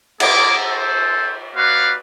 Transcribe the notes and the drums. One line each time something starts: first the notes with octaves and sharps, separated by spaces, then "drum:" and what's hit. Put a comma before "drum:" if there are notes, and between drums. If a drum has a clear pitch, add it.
A#3 G#4 D6, drum: cymbal
A4 C5
A#3 F#4 B4 D5 F5